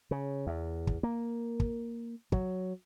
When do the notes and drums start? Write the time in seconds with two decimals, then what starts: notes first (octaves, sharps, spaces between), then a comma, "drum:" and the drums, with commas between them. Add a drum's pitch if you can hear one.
0.11 C#3
0.47 E2
0.87 drum: kick
1.03 A#3
1.60 drum: kick
2.32 F#3, drum: kick